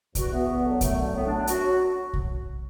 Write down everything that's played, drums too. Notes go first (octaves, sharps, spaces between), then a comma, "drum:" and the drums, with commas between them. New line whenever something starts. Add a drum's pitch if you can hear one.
E2 F#4, drum: kick B1, hi-hat
E3 B3
E2
D3 F#3
F#2 A3, drum: kick B1, hi-hat
D3 F#3
A2 B3
D4
F#3
D4
F#2 F#4, drum: hi-hat
F#3
drum: kick B1